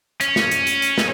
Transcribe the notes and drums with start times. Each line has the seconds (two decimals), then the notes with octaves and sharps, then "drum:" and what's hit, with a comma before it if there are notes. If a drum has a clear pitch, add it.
0.21 C#4, drum: hi-hat
0.36 drum: snare
0.51 drum: hi-hat
0.67 drum: hi-hat
0.82 drum: hi-hat
0.98 drum: snare